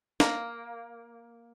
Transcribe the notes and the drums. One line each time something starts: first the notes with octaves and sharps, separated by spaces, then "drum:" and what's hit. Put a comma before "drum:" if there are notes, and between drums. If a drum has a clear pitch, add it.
A#3, drum: snare